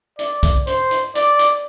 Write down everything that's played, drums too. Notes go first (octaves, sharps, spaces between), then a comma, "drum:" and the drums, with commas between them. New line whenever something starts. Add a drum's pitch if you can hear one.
D5, drum: hi-hat
drum: kick B1, hi-hat
C5, drum: hi-hat
drum: hi-hat
D5, drum: hi-hat
drum: hi-hat